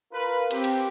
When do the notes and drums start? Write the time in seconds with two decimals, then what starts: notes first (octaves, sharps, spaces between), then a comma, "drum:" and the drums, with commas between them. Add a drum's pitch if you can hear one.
0.12 F4 A#4 B4
0.51 C4 G4, drum: cymbal
0.64 drum: cymbal